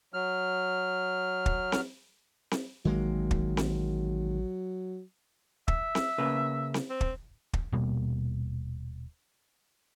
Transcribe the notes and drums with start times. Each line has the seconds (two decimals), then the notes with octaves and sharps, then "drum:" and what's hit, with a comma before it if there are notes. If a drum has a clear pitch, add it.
0.14 F#3 F6
1.46 drum: kick
1.72 drum: snare C4
2.51 drum: snare C4
2.85 A1 D#3 F#3 G#3 A#3
3.31 drum: kick
3.57 drum: snare C4
5.68 E5, drum: kick
5.95 drum: snare C4
6.18 C#3 A#3 B4
6.74 drum: snare C4
6.90 C4
7.01 drum: kick
7.53 drum: kick
7.72 D#1 B2 G3 A#3